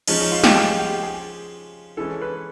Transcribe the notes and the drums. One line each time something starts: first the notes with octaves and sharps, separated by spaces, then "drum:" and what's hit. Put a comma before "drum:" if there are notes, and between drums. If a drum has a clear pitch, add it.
F3 G#3 C#4 D#4, drum: cymbal
D#4
F4
G4, drum: snare
G#4
G4
G#4
E3 G#3 C#4 A4
B4